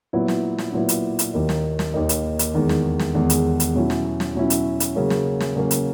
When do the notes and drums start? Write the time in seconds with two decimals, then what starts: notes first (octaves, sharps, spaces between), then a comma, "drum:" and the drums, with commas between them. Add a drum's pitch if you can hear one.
0.13 A#2 F#3 B3 E4
0.28 drum: snare
0.58 drum: snare
0.73 A#2 F#3 B3 E4
0.89 drum: hi-hat
1.19 drum: hi-hat
1.34 D#2 D#3 A#3 D#4
1.49 drum: snare
1.79 drum: snare
1.94 D#2 D#3 A#3 D#4
2.09 drum: hi-hat
2.39 drum: hi-hat
2.54 E2 D#3 G#3
2.69 drum: snare
2.99 drum: snare
3.15 E2 D#3 G#3
3.30 drum: hi-hat
3.60 drum: hi-hat
3.74 B2 F#3 C#4 E4
3.90 drum: snare
4.20 drum: snare
4.35 B2 F#3 C#4 E4
4.50 drum: hi-hat
4.80 drum: hi-hat
4.95 C#3 F#3 A#3 C#4
5.10 drum: snare
5.40 drum: snare
5.56 C#3 F#3 A#3 C#4
5.71 drum: hi-hat